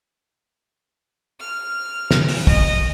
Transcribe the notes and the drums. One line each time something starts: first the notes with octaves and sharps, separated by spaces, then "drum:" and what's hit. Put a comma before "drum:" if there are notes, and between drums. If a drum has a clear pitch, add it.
F6
drum: snare
drum: open hi-hat
D#5, drum: kick